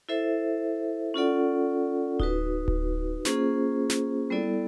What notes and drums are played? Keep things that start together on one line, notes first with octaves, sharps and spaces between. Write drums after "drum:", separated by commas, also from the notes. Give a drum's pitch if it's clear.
E4 A4 C5 E5
C#4 F4 A4 D5 F#5
D#4 F#4 B4, drum: kick D1
drum: kick D1
A#3 C#4 F4 G#4 C5, drum: snare
drum: snare
G3 B3 E4 A4 D5